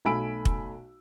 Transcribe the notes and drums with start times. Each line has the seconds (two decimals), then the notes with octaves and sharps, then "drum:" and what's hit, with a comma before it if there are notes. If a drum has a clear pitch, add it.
0.05 B1 A3 G#5 B5 E6 D7
0.45 drum: kick